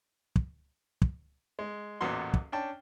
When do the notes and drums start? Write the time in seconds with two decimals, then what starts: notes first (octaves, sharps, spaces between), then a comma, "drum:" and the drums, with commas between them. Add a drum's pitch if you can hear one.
0.36 drum: kick
1.02 drum: kick
1.59 G#3
2.01 A1 E2 A#2 B3 F#4 C6
2.34 drum: kick
2.52 C#4 D4 G5 A5